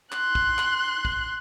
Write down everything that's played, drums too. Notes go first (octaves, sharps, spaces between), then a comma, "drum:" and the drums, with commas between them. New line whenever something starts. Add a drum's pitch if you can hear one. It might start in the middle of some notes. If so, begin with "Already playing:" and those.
C6 F#6, drum: clap
drum: kick
drum: clap
drum: kick